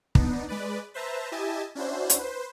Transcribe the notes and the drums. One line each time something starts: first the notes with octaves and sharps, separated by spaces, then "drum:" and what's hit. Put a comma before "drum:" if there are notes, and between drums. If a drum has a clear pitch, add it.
B3 D4 D#4, drum: kick
G#3 B4 D5
B4 C5 E5 A5 A#5
E4 G4 D#5 E5 G#5 A5
C#4 D4 E4 F#4 C5
drum: hi-hat
B4 C5